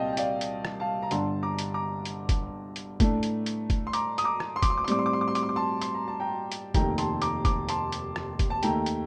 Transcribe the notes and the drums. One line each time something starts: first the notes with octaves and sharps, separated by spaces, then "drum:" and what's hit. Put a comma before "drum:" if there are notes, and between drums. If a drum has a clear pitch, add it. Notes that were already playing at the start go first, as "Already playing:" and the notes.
Already playing: C2 A#2 C4 D5 D#5 F5 G5 A5
G5
D5 F5, drum: hi-hat
drum: hi-hat
drum: rim click
F5 A5
A#5
G1 G2 D3 G3 A5 C6, drum: hi-hat
A#5 D6
drum: hi-hat
A#5 D6
drum: hi-hat
drum: kick F#1, hi-hat
drum: hi-hat
A2 A3 D4, drum: kick F#1, hi-hat
drum: hi-hat
drum: hi-hat
drum: kick F#1, hi-hat
C6
A#5 D6, drum: hi-hat
D#6, drum: hi-hat
A#5 D6
drum: rim click
C6
D6, drum: kick F#1, hi-hat
C6
D6
C6
A2 G3 C4 D6, drum: hi-hat
C6
D6
C6
D6
C6
D6, drum: hi-hat
C6
D6
A5 C6
C6, drum: hi-hat
A#5
A5
G5 A#5
drum: hi-hat
F1 D#2 D#3 A3 G5 A#5, drum: kick F#1, hi-hat
A5 C6, drum: hi-hat
A#5 D6, drum: hi-hat
A#5 D6, drum: kick F#1, hi-hat
A5 C6, drum: hi-hat
drum: hi-hat
drum: rim click
drum: kick F#1, hi-hat
A5
D#2 D#3 A3 G5 A#5, drum: hi-hat
drum: hi-hat